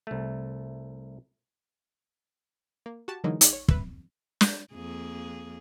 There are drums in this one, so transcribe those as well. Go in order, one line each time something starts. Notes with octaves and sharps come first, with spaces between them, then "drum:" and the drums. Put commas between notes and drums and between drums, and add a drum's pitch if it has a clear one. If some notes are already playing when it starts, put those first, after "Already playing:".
C2 A3
A#3
F#4 G4 A5
D3 E3 F#3 G#3 A#3 D#4
D#4 G#4 D5, drum: hi-hat
C#5
B4 E5, drum: kick
drum: snare
F2 A#3 G#4